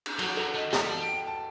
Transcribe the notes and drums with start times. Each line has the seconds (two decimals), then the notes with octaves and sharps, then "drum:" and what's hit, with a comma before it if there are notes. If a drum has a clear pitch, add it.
0.06 drum: cymbal
0.19 F#3 F#4, drum: cymbal
0.37 F#3 A4
0.55 A3 D#5
0.73 G3, drum: snare
0.91 A5
1.08 G5
1.27 A5